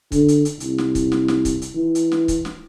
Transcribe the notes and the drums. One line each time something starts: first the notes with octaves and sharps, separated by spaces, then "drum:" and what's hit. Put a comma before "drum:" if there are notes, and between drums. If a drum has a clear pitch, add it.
D3, drum: kick C#1, hi-hat
drum: hi-hat
drum: hi-hat
C2, drum: hi-hat
drum: snare
drum: kick C#1, hi-hat
drum: snare
drum: snare
drum: kick C#1, hi-hat
drum: hi-hat
E3
drum: hi-hat
drum: snare
drum: kick C#1, hi-hat
drum: snare